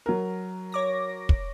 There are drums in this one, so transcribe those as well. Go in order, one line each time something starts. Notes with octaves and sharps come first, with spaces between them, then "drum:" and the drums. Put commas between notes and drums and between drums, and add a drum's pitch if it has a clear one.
F#3 A#4
C#5 D6 A#6
drum: kick